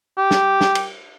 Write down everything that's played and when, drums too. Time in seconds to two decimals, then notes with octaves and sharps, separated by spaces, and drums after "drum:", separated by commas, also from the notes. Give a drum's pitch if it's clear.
0.17 G4
0.31 drum: snare
0.61 drum: snare
0.75 drum: cymbal